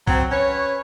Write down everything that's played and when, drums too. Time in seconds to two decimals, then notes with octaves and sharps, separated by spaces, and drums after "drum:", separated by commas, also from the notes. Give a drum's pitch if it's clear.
0.08 F#3 C4, drum: kick B1
0.31 C#4 B4 C#5